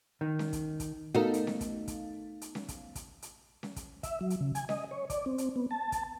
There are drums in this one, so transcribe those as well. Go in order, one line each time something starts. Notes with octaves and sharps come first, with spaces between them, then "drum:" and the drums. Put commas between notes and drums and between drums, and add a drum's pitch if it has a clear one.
D#3
drum: snare C#4
drum: kick, hi-hat
drum: kick, hi-hat
A3 B3 D#4 F#4 A4 A#4 F5
drum: hi-hat
drum: snare C#4
drum: kick, hi-hat
drum: kick, hi-hat
drum: hi-hat
drum: snare C#4
drum: kick, hi-hat
drum: kick, hi-hat
drum: hi-hat
drum: snare C#4
drum: kick, hi-hat
E5, drum: kick, hi-hat
F#3
drum: hi-hat
C#3
G#5, drum: hi-hat
D#5, drum: snare C#4
C#5
D5, drum: kick, hi-hat
C4
drum: hi-hat
B3
A5
drum: kick, hi-hat